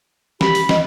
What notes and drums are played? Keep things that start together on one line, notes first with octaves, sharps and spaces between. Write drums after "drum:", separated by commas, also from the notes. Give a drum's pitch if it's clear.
G4 B5, drum: snare
drum: open hi-hat
D#5, drum: snare